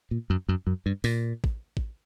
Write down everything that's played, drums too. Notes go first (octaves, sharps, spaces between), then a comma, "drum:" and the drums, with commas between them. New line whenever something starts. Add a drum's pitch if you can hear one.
A#2
F#2
F#2
F#2
G2
A#2, drum: open hi-hat
drum: kick
drum: kick